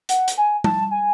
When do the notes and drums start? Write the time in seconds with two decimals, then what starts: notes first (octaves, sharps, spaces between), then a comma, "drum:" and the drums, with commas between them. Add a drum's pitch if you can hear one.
0.09 F#5, drum: hi-hat
0.28 drum: hi-hat
0.37 G#5
0.64 A5, drum: tom G3
0.91 G#5